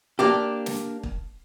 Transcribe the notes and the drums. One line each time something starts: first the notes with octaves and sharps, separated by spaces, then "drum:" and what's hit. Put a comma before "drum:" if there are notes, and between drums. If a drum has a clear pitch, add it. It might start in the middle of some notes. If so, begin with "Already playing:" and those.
A#3 D4 G4
drum: snare
drum: kick